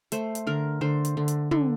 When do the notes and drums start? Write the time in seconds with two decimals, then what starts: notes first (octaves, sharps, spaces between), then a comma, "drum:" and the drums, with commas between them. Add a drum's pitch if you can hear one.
0.12 A3 C5, drum: hi-hat
0.35 drum: hi-hat
0.47 D3 A#4
0.81 D3 C5
1.05 drum: hi-hat
1.17 D3
1.28 drum: hi-hat
1.51 D3, drum: tom